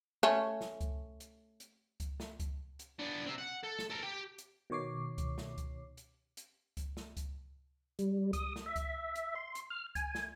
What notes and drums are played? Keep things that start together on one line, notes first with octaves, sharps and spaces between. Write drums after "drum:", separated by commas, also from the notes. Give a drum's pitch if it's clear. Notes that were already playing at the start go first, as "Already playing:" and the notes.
A3 C#4
drum: snare
drum: kick C#2, hi-hat
drum: hi-hat
drum: hi-hat
drum: kick C#2, hi-hat
drum: snare
drum: kick C#2, hi-hat
drum: hi-hat
B3 D4
C4 E5
F#5
A4
drum: snare
A4 A#4
G4 G5
drum: hi-hat
B2 D#3 C#5 D6 C7
drum: kick C#2, hi-hat
drum: snare
drum: kick C#2, hi-hat
drum: hi-hat
drum: hi-hat
drum: kick C#2, hi-hat
drum: snare
drum: kick C#2, hi-hat
G3, drum: hi-hat
D#6, drum: kick C#2, hi-hat
drum: snare
E5
drum: kick C#2, hi-hat
drum: hi-hat
C6
drum: hi-hat
F6
G#5, drum: kick C#2, hi-hat
drum: snare